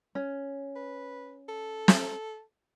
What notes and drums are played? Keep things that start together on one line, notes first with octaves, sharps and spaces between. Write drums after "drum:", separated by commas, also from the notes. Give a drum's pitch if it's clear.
C#4
B4
A4
drum: snare